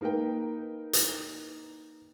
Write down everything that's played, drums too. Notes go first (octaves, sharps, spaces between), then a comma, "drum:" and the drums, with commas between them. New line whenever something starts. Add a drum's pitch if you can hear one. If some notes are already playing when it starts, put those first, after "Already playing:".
A#3 D#4 A#4 B4 G5
drum: hi-hat